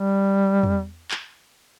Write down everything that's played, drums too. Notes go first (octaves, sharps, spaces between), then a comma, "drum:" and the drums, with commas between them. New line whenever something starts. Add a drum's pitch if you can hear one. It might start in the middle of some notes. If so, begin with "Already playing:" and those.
Already playing: G3
drum: tom E2
drum: clap